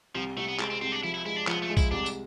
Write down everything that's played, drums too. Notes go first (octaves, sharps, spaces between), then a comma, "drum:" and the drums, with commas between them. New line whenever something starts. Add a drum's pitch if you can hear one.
C2 F3
C2 A3
B3
G#3 C4, drum: clap
C4
C2 C4
D4
F3 E4
E4
G#3 E4
D4
F3 B3, drum: clap
A3
G#3
E4, drum: kick, tambourine
C2 D4
drum: tambourine